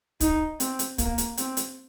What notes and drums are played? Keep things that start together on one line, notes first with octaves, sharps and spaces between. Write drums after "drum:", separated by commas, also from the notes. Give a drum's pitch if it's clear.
D#4, drum: kick, hi-hat
C4, drum: hi-hat
drum: hi-hat
A#3, drum: kick, hi-hat
drum: hi-hat
C4, drum: hi-hat
drum: hi-hat